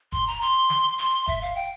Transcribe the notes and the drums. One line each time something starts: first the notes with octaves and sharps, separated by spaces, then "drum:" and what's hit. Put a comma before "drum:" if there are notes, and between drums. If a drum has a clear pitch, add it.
C6, drum: kick
A#5
C6
drum: snare
C6
E5, drum: kick
F5
G5